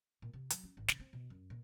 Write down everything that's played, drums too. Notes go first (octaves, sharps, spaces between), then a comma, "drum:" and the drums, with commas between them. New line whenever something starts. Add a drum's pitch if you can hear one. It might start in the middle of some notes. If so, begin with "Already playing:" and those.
A#2
C3
F#3, drum: hi-hat
C#4
G#1
C#3, drum: snare
C4
B2
F#2
A#2